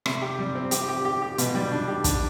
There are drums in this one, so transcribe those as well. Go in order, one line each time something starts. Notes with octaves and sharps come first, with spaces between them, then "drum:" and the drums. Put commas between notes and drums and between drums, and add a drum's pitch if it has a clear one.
C3, drum: rim click
G4
G3
C4
G4, drum: hi-hat
G4
G4
G4
B2, drum: hi-hat
G3
D4
G4
D4, drum: kick, hi-hat